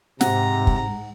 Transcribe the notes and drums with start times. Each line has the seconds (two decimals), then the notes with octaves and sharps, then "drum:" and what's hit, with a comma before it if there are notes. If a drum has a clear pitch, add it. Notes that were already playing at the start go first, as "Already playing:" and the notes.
0.21 G#2 C3 F#5 A#5, drum: snare
0.67 drum: kick